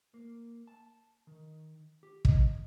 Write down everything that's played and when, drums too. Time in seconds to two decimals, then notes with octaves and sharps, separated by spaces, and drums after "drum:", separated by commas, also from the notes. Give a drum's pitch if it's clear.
0.14 A#3
0.67 A5
1.27 D#3
2.03 G4
2.25 D#5, drum: kick